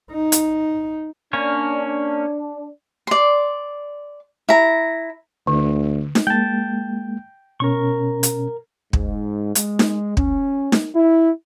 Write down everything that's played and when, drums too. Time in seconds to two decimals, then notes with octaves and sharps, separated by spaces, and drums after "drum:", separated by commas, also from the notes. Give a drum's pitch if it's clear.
0.11 D#4
0.32 drum: hi-hat
1.33 A#3 C#4 D4 C#5
3.07 D5 C6
4.49 E4 A#5
5.47 D2 D3
6.15 drum: snare D#4
6.27 G#3 A#3 G5 A5
7.60 B2 C#4 A#4 C#6
8.23 drum: hi-hat
8.93 G#2, drum: kick
9.55 G#3, drum: hi-hat
9.79 drum: snare D#4
10.17 C#4, drum: kick
10.72 drum: snare D#4
10.95 E4